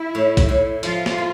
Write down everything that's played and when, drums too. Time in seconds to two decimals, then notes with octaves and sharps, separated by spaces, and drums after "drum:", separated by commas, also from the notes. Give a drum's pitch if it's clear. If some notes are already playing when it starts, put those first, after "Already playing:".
Already playing: E4
0.15 A2
0.37 drum: kick A#1, hi-hat
0.49 A2
0.83 F3 F4, drum: hi-hat
1.06 drum: snare
1.18 A#3